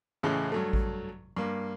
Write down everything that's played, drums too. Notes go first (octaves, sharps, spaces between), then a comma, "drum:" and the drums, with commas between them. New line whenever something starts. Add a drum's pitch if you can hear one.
C#2 A2 C#3 E3 G#3
G2 F#3 A3
drum: kick A1
G2 A#3